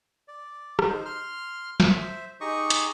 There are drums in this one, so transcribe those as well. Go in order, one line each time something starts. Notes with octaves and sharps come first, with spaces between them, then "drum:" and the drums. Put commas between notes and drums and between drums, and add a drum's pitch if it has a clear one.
D5
drum: rim click
D#4 C5
C6 F6
C5 E5, drum: snare
D#4 G4 G#4 D#5 C#6 D#6
drum: hi-hat